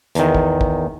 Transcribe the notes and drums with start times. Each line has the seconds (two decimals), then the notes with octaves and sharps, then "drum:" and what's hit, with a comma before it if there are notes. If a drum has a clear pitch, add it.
0.15 E2 D#3, drum: hi-hat
0.35 drum: kick
0.61 drum: kick